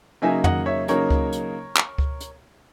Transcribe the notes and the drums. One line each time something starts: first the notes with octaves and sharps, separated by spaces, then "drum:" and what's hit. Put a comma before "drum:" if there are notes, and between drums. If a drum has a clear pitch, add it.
C#3 F#3 A#3 D#4 E5 G#5
D#5 F#5, drum: tom F2
C#5 E5
C#3 F#3 A#3 D#4 A#4 C#5, drum: hi-hat
drum: kick C#2
drum: hi-hat
drum: clap
drum: kick C#2
drum: hi-hat